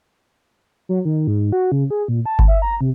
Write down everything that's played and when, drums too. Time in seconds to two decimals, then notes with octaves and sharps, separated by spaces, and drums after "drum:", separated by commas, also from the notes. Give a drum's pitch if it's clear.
0.89 F#3
1.05 D#3
1.27 G#2
1.52 F#4
1.72 C#3
1.91 G#4
2.08 A#2
2.26 A5
2.39 drum: kick G1
2.48 E5
2.62 A#5
2.81 C3